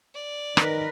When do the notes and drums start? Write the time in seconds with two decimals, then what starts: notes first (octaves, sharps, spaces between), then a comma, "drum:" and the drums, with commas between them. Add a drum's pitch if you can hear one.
0.15 D5
0.57 D#3 A#4 B4, drum: rim click